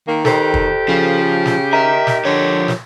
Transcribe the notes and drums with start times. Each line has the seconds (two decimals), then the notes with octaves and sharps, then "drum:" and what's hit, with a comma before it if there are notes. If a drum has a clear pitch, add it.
0.08 D#3 A#3
0.25 G4 A4 C5, drum: snare
0.54 drum: kick
0.89 C#3 F3
1.46 drum: snare
1.73 A#4 D#5 E5 A#5
2.07 drum: snare
2.25 D3 F3 G4 C#5
2.68 drum: snare